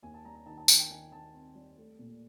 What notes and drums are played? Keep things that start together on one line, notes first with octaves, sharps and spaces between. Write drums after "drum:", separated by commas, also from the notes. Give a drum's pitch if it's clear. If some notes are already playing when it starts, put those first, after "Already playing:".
D#2 G#5
A5
G3 A#5
A#5
D#3 A5
A5
D#3 G#5, drum: tambourine
G5
D#3 G#5
D#3 A5
C4
G3
A3
A#2